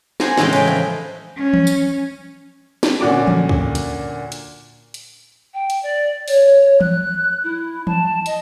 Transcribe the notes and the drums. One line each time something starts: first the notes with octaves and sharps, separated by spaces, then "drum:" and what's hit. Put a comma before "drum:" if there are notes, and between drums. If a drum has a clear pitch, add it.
C5 F#5 G#5 A#5, drum: snare
A2 C#3 E3 G#3 D#5 G5, drum: snare
B4 G5, drum: cymbal
F3
C#4
drum: tom E3
drum: tambourine
drum: snare
A#2 D3 C#4 F#4 D5 D6
drum: tom E3
drum: kick
drum: hi-hat
drum: hi-hat
drum: hi-hat
G5
drum: hi-hat
D5
C#5, drum: open hi-hat
F#6, drum: tom E3
E4
A5, drum: tom E3
D#5, drum: hi-hat